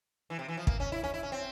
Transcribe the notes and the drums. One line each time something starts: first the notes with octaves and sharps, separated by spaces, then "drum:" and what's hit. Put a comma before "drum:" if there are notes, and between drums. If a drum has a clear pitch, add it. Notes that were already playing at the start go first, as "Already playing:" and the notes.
E3
C3
E3
F3
A#3, drum: kick
C#4
E4
C#4
E4
C#4
C4